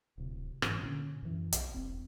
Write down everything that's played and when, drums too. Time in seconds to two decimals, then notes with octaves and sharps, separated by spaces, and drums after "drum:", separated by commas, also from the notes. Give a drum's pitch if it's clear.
0.18 D1 C3
0.62 G#2 E3 D4, drum: rim click
0.82 A#2 D3 C#4
1.22 F#2 E3
1.52 B1, drum: hi-hat
1.74 E1 C4